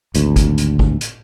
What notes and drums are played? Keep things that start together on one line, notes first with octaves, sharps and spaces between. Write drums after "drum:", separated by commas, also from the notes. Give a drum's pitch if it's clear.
G#1 D2, drum: hi-hat
drum: kick, hi-hat
drum: hi-hat
drum: kick
drum: hi-hat